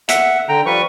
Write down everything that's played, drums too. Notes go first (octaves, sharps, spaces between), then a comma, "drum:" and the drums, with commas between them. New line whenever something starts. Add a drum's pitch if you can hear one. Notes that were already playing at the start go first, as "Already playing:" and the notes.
E5 F#5, drum: hi-hat
D3 G5 A#5
F3 G3 B4 C#6